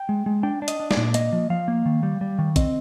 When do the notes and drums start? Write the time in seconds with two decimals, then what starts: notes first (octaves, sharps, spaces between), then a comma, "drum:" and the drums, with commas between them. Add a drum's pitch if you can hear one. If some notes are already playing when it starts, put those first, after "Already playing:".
Already playing: G5
0.09 G#3
0.26 G#3
0.43 D4 G5
0.62 D4
0.68 D#5, drum: hi-hat
0.80 D4
0.91 D5, drum: snare
0.97 A#2
1.14 A#3 D#5, drum: hi-hat
1.32 F3
1.50 F3 F5
1.68 A#3
1.86 D#3
2.03 G3
2.21 G3
2.39 D#3
2.56 C4 D#5, drum: kick, hi-hat